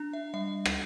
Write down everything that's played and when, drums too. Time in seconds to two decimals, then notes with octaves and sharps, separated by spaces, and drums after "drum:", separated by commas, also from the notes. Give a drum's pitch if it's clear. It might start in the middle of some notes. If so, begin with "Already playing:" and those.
Already playing: D4
0.13 E5
0.34 G3 E5
0.65 drum: rim click